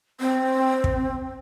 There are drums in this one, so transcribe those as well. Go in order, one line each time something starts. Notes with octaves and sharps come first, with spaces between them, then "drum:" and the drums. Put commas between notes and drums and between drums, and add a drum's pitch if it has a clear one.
C4
drum: kick